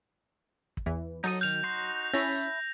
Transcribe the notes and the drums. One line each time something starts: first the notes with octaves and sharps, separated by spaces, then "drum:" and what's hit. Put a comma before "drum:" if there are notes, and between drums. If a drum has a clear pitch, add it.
drum: kick
E2 E3
F#3 D#4 A4 D#6, drum: open hi-hat
D#3 F6 G6 F7
D#4 F#4 C6
C#4 E4 E5 A5 B5 A#6, drum: open hi-hat